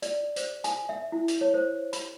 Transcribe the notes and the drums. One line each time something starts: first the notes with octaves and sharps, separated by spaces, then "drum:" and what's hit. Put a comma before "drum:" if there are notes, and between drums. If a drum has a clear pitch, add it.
D5, drum: hi-hat
C5, drum: hi-hat
G#5, drum: hi-hat
E5
E4
drum: hi-hat
C#5
C5
B5, drum: hi-hat